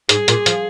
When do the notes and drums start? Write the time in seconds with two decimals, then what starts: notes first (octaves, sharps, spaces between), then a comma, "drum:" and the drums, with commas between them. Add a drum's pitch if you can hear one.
0.09 G#2 G#4, drum: hi-hat
0.28 A#2, drum: hi-hat
0.46 F3, drum: hi-hat